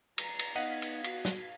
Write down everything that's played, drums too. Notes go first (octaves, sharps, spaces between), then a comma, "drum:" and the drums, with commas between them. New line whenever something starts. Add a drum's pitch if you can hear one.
A#5, drum: cymbal
drum: cymbal
B3 D#4 D#5 F5 F#5 G#6 B6 D#7
drum: cymbal
F#4, drum: cymbal
drum: snare